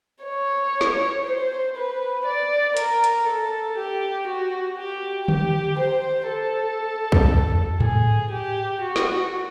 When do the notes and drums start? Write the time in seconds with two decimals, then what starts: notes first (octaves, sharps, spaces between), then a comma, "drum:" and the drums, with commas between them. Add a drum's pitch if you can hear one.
0.24 C#5
0.81 drum: snare
1.25 C5
1.76 B4
2.26 D5
2.77 A#4, drum: hi-hat
3.04 drum: hi-hat
3.27 A4
3.78 G4
4.28 F#4
4.78 G4
5.28 G4, drum: tom D3
5.79 C5
6.29 A4
7.12 drum: kick B1
7.50 drum: tom E2
7.80 G#4, drum: tom G#2
8.32 G4
8.82 F#4
8.96 drum: snare